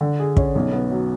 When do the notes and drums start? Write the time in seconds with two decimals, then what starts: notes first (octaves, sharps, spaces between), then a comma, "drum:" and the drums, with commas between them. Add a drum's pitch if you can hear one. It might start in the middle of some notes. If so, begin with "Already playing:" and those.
0.01 D3
0.19 G#4
0.37 C#4, drum: kick
0.55 B1
0.72 B3
0.91 F#3